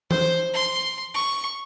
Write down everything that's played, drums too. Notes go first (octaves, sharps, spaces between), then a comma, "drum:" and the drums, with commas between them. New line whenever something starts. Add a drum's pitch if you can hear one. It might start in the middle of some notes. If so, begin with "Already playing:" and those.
C5, drum: tom E3
C6
C#6